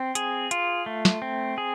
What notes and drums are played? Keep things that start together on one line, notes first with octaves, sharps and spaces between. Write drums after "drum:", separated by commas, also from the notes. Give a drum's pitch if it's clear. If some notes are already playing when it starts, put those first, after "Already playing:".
Already playing: C4
G#4, drum: hi-hat
F4, drum: hi-hat
A3
drum: snare
C4
G#4